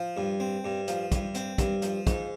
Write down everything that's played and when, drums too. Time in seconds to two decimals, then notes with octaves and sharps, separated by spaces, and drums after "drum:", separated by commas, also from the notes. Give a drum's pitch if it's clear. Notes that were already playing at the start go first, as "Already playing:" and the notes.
Already playing: F3
0.17 G2
0.40 C4
0.64 G2
0.88 F3, drum: hi-hat
1.12 G2, drum: kick, hi-hat
1.35 C4, drum: hi-hat
1.58 G2, drum: kick, hi-hat
1.82 F3, drum: hi-hat
2.07 G#2, drum: kick, hi-hat